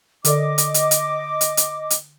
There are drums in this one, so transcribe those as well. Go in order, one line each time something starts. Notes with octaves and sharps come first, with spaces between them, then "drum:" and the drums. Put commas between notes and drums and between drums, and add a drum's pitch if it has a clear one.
D3 A4 D5 D#5 D6, drum: hi-hat
drum: hi-hat
drum: hi-hat
drum: hi-hat
drum: hi-hat
drum: hi-hat
drum: hi-hat